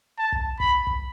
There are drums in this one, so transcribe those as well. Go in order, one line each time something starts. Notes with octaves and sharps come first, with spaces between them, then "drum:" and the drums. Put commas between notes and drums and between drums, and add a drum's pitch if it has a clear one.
A5
drum: kick
B5, drum: kick
drum: kick